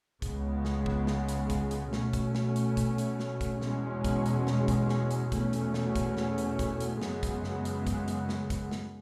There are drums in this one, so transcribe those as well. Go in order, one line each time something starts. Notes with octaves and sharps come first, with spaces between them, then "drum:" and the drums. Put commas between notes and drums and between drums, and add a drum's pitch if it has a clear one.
C#2 C#3 G#3 B3, drum: kick, hi-hat
drum: snare
drum: kick
drum: snare
drum: hi-hat
drum: kick, hi-hat
drum: hi-hat
B2 A3 C#4, drum: snare
drum: kick, hi-hat
drum: snare
drum: hi-hat
drum: kick, hi-hat
drum: hi-hat
drum: snare
drum: kick, hi-hat
E2 B2 G#3 C#4, drum: snare
drum: kick, hi-hat
drum: hi-hat
drum: snare
drum: kick, hi-hat
drum: snare
drum: hi-hat
E2 B2 A3 C#4, drum: kick, hi-hat
drum: hi-hat
drum: snare
drum: kick, hi-hat
drum: snare
drum: hi-hat
drum: kick, hi-hat
drum: hi-hat
F#2 C#3 G#3 B3, drum: snare
drum: kick, hi-hat
drum: snare
drum: hi-hat
drum: kick, hi-hat
drum: hi-hat
drum: snare
drum: kick, hi-hat
drum: snare